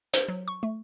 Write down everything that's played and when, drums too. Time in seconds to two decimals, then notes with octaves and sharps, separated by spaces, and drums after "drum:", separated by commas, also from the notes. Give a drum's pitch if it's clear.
0.14 C5, drum: hi-hat
0.28 F#3
0.48 C#6
0.63 A3